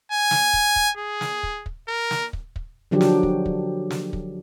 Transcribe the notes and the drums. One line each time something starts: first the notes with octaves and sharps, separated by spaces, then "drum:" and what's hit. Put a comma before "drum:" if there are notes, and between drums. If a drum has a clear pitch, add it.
G#5
drum: snare
drum: kick
drum: kick
G#4
drum: snare
drum: kick
drum: kick
A#4
drum: snare
drum: kick
drum: kick
D3 F3 F#3 D4 G4
drum: snare
drum: kick
drum: kick
drum: snare
drum: kick